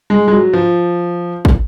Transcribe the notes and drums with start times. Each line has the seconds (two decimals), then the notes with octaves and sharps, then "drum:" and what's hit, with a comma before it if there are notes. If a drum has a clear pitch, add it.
0.10 G#3
0.28 G#3
0.32 F#3
0.53 F3
1.45 drum: kick